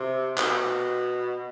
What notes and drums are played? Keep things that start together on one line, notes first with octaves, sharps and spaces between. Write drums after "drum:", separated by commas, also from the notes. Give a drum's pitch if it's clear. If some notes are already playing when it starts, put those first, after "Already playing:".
Already playing: C3
B2, drum: clap